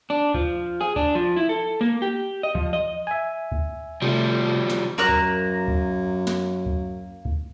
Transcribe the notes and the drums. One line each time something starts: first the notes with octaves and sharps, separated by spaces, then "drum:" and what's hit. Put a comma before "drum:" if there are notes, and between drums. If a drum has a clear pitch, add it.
D4
F3, drum: kick D2
G#4
D4, drum: kick D2
F3
E4
A4
A#3
G4
D#5
F3, drum: kick D2
D#5
E5 G#5
drum: kick D2
C3 F3 G3 A3
drum: snare
F#2 A#3 A#5 F#6
drum: kick D2
drum: kick D2
drum: snare
drum: kick D2
drum: kick D2